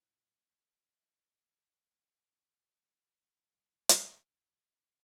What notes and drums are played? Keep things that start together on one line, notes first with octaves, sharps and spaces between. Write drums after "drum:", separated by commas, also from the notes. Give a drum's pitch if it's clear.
D1 A2 F#3 C4 D#4 F#6
G6 C7 E7
E4 D#5
B6
E1 C2 G3
drum: hi-hat